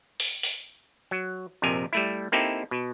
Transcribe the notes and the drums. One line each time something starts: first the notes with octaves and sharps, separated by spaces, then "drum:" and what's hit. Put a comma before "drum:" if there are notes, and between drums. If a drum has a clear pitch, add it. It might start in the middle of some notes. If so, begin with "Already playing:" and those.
drum: open hi-hat
drum: open hi-hat
F#3
A#1 F2 C3 A#4 G#5
G3 A3 E4
A#3 C4 D#4 E4 G4 A4
B2